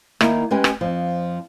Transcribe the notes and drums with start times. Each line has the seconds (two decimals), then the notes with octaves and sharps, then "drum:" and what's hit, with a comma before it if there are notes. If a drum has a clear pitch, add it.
0.21 D#3 A#3 D#4 E4, drum: rim click
0.51 G#3 C#4 G4 B4 D#5 G#5
0.64 drum: rim click
0.81 F2 F3